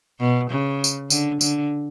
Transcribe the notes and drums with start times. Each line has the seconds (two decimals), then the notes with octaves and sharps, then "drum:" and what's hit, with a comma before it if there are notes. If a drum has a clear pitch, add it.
0.20 B2
0.50 C#3
0.84 drum: tambourine
1.10 D3, drum: tambourine
1.41 D3, drum: tambourine